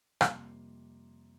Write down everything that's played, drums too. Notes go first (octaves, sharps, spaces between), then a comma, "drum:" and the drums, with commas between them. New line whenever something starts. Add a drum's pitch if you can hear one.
F2 C3 G3 A#3 C6, drum: rim click